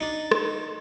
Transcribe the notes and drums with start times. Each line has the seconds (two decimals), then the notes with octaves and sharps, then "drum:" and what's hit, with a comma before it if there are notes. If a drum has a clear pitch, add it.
0.01 D4 D#4
0.31 drum: rim click